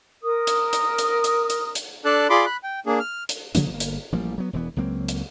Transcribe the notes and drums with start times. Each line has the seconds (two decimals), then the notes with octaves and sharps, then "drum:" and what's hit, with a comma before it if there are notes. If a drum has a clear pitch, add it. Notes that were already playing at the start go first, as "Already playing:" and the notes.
0.23 A#4 D#6
0.47 drum: hi-hat
0.73 drum: hi-hat
0.98 drum: hi-hat
1.24 drum: hi-hat
1.50 drum: hi-hat
1.75 drum: hi-hat
2.05 D4 A4 D5 A5 F#6
2.30 F4 G#4 D5 B5 C6 D6
2.46 B5 F#6
2.64 G5
2.86 A#3 D4 G#4
3.00 F6
3.29 drum: hi-hat
3.55 C#3 F3 A#3 D4, drum: hi-hat
3.70 G1 A#3
3.80 drum: hi-hat
4.12 A1 F3 G3 A#3
4.38 F#3 B3
4.53 E1 G2 E3 B3
4.76 C#2 F#3 A#3 C4
5.08 drum: hi-hat